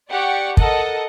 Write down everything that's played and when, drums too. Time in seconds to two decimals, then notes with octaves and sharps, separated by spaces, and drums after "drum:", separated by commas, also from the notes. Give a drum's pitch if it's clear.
0.10 G4 D5 F#5 C#6
0.57 A4 A#4 D#5 F#5 A5, drum: kick